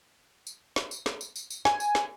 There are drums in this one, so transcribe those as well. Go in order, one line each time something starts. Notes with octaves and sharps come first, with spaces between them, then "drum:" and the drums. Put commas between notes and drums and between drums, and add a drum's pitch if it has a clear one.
drum: tambourine
drum: snare
drum: tambourine
drum: snare
drum: tambourine
drum: tambourine
drum: tambourine
G#5, drum: snare
drum: tambourine
drum: snare